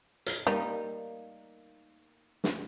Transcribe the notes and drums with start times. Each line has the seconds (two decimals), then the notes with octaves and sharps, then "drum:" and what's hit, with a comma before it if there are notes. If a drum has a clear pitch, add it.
0.26 drum: hi-hat
0.47 G3 A#3 D#4
2.44 drum: snare